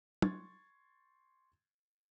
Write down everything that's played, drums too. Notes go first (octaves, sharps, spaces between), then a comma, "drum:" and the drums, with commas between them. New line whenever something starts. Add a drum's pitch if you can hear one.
C6 C#6 G#6 A6, drum: tom